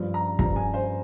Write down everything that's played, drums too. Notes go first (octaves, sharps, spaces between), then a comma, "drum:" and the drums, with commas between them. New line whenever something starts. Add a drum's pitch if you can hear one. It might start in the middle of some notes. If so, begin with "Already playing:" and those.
Already playing: G2 F3
A#5
G2 F3 A#5, drum: kick
G#5
C5